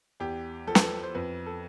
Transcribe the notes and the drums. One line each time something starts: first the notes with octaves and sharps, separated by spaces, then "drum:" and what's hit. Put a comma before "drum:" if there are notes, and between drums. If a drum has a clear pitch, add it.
E2 G4
F3 A4
B4, drum: snare
A4
C5
F2 B4
A4